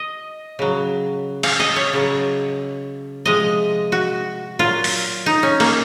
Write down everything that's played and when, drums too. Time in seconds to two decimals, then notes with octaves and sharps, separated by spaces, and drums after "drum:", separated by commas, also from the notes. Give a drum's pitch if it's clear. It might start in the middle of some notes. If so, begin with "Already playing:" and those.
Already playing: D#5
0.59 C#3 F#3
1.43 F5, drum: cymbal
1.60 D#5
1.76 C#5
1.93 C#3 F#3
3.26 C3 F3 G#3 D#5
3.92 F#4
4.59 A#2 F#3 F4
4.84 drum: open hi-hat
5.26 D#4
5.43 C#4
5.60 A#3, drum: cymbal